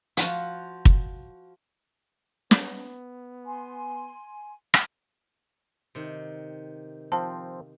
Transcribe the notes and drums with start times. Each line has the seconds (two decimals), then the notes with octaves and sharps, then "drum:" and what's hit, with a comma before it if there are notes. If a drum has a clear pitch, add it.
0.17 F3 F4 F#4, drum: hi-hat
0.85 drum: kick
2.51 B3, drum: snare
3.45 G#5 C6
4.74 drum: rim click
5.95 C3 D#3
7.12 F3 C4 A5